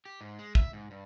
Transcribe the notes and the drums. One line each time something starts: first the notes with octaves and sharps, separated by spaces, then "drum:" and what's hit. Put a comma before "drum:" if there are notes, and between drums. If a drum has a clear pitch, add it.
G4
G#2
G#3
E5, drum: kick
G#2
G2